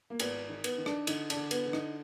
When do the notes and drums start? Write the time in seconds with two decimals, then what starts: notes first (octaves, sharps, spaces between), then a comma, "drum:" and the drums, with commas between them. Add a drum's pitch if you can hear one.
0.10 A#3
0.19 G#1 B3, drum: cymbal
0.49 D#3
0.64 B3, drum: cymbal
0.78 D#3
0.86 D4, drum: rim click
1.07 D3 D#4, drum: cymbal
1.30 D4, drum: cymbal
1.36 D3
1.51 B3, drum: cymbal
1.66 D3
1.73 D#4, drum: rim click